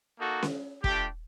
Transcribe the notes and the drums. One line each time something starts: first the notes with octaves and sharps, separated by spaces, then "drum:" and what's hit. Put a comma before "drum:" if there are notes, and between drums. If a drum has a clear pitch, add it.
A#3 D#4 F#4 A4
drum: snare C#4
A3 D4 F4 G4, drum: kick